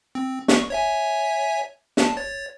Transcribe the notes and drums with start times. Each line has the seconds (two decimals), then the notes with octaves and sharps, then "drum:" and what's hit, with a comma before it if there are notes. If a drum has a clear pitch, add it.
0.15 C4
0.48 C#6, drum: snare
0.70 C#5 E5 G#5
1.97 A5, drum: snare
2.17 C#5 A6